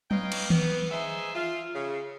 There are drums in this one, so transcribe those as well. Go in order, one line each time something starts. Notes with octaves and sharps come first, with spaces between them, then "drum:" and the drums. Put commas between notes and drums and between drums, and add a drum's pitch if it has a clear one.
D#4 B4 C#5 D#5 F5 G5, drum: tom F#3
drum: cymbal
B3, drum: tom D#3
D#4 G#4 C5 E5
F4
C#3